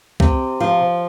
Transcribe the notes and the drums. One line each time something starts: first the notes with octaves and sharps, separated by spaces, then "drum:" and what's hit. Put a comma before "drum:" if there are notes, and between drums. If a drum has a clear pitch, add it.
C3, drum: kick C2
F3